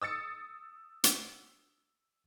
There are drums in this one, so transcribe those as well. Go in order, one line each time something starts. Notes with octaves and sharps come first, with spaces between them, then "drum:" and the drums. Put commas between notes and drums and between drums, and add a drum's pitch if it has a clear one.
D#6 E6 A6 C#7
drum: hi-hat